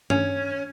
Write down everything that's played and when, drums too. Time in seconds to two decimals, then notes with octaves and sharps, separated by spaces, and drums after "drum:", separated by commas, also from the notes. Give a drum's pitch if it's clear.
0.10 C#4, drum: tom